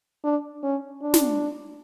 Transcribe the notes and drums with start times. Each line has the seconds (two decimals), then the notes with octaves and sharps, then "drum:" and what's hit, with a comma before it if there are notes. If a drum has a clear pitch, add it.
0.24 D4
0.63 C#4
1.02 D4
1.14 drum: snare